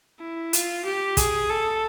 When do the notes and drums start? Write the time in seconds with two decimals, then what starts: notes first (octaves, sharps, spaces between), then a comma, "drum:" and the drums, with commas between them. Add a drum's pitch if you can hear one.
0.20 E4
0.53 F4, drum: hi-hat
0.85 G4
1.17 G#4, drum: kick, hi-hat
1.50 A4